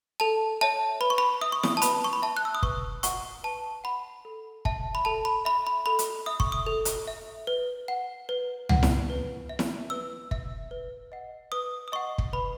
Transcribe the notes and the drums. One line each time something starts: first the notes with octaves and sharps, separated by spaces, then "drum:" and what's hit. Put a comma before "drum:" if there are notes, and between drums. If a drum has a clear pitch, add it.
A4 A5
C#5 E5 A5
B4 B5
C#6
B5
E5 D#6
C#6
D#6, drum: snare E4
A5
B4 B5, drum: hi-hat
C#6
B5
E5 A5
F#6
E6
D#6
B4 C#6, drum: kick
F#5 C#6, drum: hi-hat
B4 A5
F#5 B5
A4
E5 A5, drum: kick
B5
A4 A5
B5
E5 B5
B5
A4 B5
drum: hi-hat
E5 D#6
C#6, drum: kick
D#6
A4
drum: hi-hat
E5
B4
F#5
B4
F#5, drum: tom C#2
drum: snare E4
B4
E5
drum: snare E4
B4 E6
E5, drum: kick
B4
D#5 F#5
B4 D#6
D#6
D#5 F#5 C#6
drum: kick
B4 B5